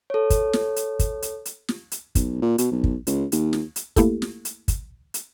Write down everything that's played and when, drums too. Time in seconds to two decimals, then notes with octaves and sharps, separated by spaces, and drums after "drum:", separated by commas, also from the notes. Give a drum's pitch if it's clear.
0.10 A4 C#5
0.30 drum: kick, hi-hat
0.53 drum: snare
0.76 drum: hi-hat
0.99 drum: kick, hi-hat
1.22 drum: hi-hat
1.45 drum: hi-hat
1.69 drum: snare
1.92 drum: hi-hat
2.15 B1, drum: kick, hi-hat
2.42 A#2
2.58 B2, drum: hi-hat
2.71 B1
2.84 drum: kick
3.07 C#2, drum: hi-hat
3.32 D#2, drum: hi-hat
3.53 drum: snare
3.76 drum: hi-hat
3.96 A3 A#3 E4 G4 A4, drum: kick, hi-hat
4.22 drum: snare
4.45 drum: hi-hat
4.68 drum: kick, hi-hat
5.14 drum: hi-hat